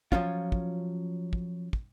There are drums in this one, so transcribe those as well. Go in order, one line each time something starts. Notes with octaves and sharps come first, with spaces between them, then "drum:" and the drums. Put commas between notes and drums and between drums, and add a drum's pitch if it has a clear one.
F3 F#3 C#4 F4, drum: kick
drum: kick
drum: kick
drum: kick